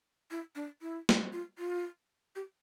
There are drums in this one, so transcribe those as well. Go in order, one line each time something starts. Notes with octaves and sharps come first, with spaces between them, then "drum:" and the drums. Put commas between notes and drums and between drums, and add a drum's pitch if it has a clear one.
E4
D4
E4
drum: snare
F4
F4
G4